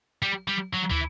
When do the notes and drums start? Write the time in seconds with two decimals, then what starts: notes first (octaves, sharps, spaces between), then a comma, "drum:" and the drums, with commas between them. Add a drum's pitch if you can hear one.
0.22 G3
0.48 G3
0.74 F#3
0.91 E3, drum: tom